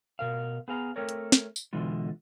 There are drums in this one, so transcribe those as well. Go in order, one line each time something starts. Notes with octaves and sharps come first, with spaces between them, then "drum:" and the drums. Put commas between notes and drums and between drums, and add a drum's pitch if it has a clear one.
B2 A#4 F5
B3 G#4 F5 A#5
A3 C4 G4 A#4 C#5
drum: hi-hat
drum: snare
drum: tambourine
B2 D3 E3 G#3 F4